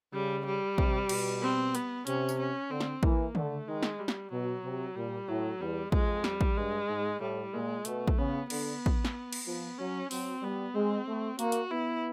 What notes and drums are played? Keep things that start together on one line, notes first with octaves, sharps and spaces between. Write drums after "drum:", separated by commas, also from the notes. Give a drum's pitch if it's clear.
C#3 G3
G3
C3, drum: kick
B2, drum: cymbal
C4
B3, drum: hi-hat
C3 C#4, drum: hi-hat
drum: tambourine
C#4
D3 C4
drum: snare
E3 A#3, drum: kick
D3 A3, drum: tom
D#3 G#3
drum: snare
G3
drum: snare
B2 F#3
C3
A#2 G3
A2 F#3
E2 G3
F2 G#3, drum: kick
G3, drum: snare
drum: kick
G2 G#3
G#2
A2 G3
A#2 G#3
B2 A3, drum: hi-hat
drum: kick
C#3 B3
D3 B3, drum: cymbal
drum: kick
drum: snare
drum: cymbal
F3 B3
F#3 C#4
F#3 C4, drum: open hi-hat
G3 B3
G#3 C4
A3
A#3 F#4, drum: hi-hat
drum: hi-hat
B3 E4